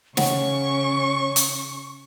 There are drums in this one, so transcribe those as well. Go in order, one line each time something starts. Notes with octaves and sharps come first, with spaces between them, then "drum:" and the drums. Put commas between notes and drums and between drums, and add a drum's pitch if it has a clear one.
C#3 C#5 F#5 G5 C#6, drum: snare
drum: hi-hat